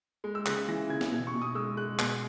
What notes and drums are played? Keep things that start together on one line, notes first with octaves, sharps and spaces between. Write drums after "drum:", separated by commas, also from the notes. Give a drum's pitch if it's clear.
G#3
E6
C#3 F#6, drum: clap
E3 A#6
C#3 G#6
drum: snare
B2
C#6
B2
D#6
G#3 E6
G#3 F#6
B2 F#6, drum: clap